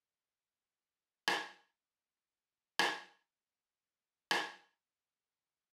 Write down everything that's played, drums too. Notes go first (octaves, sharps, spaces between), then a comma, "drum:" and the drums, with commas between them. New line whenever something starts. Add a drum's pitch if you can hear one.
F4 D#6
F#2
drum: rim click
G5
drum: rim click
drum: rim click
D#4 G4 G#4 A#4 D5